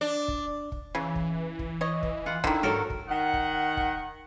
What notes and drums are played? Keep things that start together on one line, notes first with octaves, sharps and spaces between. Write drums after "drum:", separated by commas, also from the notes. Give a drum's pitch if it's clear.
D4
drum: kick
drum: kick
C#3 E3
drum: kick
drum: kick
C#5 D#5
drum: kick
F4 F#5
D3 D#3 E4, drum: kick
G#2 F#3 A4 A#4
drum: kick
D#3 F#5
drum: kick
drum: kick